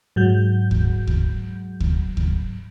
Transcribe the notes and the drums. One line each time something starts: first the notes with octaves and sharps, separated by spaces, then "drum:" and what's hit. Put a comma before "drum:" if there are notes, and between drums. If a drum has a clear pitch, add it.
G#2 F#3 G6
drum: kick D2
drum: kick D2
drum: kick D2
drum: kick D2